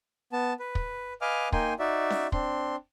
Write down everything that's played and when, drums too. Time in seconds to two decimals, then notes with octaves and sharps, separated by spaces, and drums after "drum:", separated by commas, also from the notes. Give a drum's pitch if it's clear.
0.33 B3 A5
0.60 B4
0.75 drum: kick
1.21 B4 D#5 F5 G#5 D6 F6
1.52 A#3 D#4 G5 G#5 C6, drum: kick
1.79 D#4 F#4 D5 E5
2.10 drum: snare C#4
2.32 C4 D4 C6, drum: kick